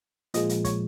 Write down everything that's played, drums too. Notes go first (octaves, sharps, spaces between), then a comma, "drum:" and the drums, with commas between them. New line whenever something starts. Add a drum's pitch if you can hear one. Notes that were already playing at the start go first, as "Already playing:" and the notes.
A#2 F3 G#3 D#5, drum: hi-hat
drum: hi-hat
C#5, drum: kick, hi-hat